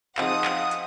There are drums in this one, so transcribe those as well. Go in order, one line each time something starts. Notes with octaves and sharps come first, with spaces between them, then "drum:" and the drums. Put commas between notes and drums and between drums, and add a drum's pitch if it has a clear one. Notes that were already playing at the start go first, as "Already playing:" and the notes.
F3 C4 D#4 G#4 F5 F#5 D#6, drum: clap
drum: clap
drum: hi-hat